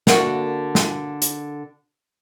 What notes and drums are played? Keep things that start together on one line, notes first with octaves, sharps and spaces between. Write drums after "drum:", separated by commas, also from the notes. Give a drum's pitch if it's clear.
D3 A#3 F#4, drum: snare
drum: snare
drum: hi-hat